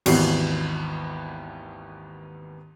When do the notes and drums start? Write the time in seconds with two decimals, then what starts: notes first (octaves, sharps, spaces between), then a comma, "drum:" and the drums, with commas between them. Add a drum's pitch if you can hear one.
0.06 G#1 D#2 E3 B3 F#4 C7, drum: cymbal